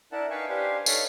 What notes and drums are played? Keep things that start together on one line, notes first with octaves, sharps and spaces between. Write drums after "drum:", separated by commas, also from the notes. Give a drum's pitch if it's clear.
D4 E4 A#4 F#5 A5
D#4 B4 F5 G5 G#5 C#6
D4 G4 B4 C5 F5 G#5
D#4 A4 B4 C#5 D5 F5, drum: tambourine